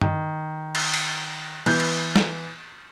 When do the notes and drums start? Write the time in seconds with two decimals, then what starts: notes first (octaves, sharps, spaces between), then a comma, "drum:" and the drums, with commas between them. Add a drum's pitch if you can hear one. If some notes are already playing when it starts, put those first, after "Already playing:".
0.01 D#3, drum: tom G2
0.75 drum: cymbal
0.94 drum: cymbal
1.66 E3 B3 G6, drum: cymbal
1.80 drum: cymbal
2.16 drum: snare